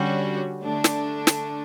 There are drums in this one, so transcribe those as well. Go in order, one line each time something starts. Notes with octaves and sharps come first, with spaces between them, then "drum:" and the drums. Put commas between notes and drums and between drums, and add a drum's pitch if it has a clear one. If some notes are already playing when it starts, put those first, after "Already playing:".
Already playing: D3 G3 C#4 F#4
D3 A3 D4
drum: snare
drum: snare